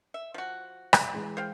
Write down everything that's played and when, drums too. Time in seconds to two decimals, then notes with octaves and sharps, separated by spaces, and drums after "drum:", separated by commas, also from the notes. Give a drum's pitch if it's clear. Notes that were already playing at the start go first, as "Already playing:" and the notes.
0.14 E5
0.34 F3 F#4
0.93 drum: rim click
1.14 E3 G#3
1.37 C5 F5 G5